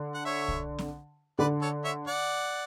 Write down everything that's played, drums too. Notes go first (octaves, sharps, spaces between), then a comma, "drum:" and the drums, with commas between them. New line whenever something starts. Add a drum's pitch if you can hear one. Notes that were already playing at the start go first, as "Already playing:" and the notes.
Already playing: D3
F#5
C#5 E5
drum: kick B1
drum: snare C4
D3 B4 D5
A4 C#5
C#5 E5
D5 F#5